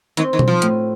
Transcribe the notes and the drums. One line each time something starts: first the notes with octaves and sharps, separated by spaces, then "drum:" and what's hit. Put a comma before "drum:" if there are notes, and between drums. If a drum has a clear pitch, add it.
D#3 C4, drum: hi-hat
D#3
C4, drum: tom B2
F3
A2, drum: hi-hat